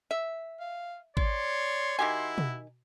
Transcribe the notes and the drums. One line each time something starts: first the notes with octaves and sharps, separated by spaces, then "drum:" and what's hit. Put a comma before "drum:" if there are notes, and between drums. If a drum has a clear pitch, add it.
E5
F5
C#5 D5 C6, drum: kick G#1
D#3 E4 F#4 G4 G#5
drum: tom